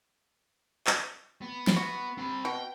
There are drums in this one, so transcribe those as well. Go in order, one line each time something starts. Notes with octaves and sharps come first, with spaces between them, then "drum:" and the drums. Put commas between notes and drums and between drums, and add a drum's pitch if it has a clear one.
drum: clap
B3
drum: snare
F#4
C4 B5
B2 G5